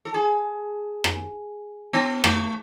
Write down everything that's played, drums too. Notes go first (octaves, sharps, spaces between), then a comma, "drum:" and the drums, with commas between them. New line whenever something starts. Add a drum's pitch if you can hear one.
A4
G#4
drum: rim click
B3
A3, drum: rim click